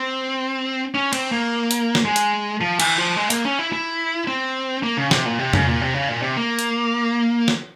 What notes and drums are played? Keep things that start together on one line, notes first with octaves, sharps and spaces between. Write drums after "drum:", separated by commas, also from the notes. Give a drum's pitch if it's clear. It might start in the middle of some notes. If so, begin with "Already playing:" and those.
Already playing: C4
C#4
C4, drum: cymbal
A#3
drum: hi-hat
drum: snare
G#3
drum: hi-hat
F3
E3, drum: cymbal
F3
G#3
A#3, drum: hi-hat
C#4
E4
E4
C4
A#3
C#3
C3, drum: snare
A#2
C3
C#3, drum: tom E2
A#2
C3
C#3
A#2
C3
A#3
drum: hi-hat
drum: snare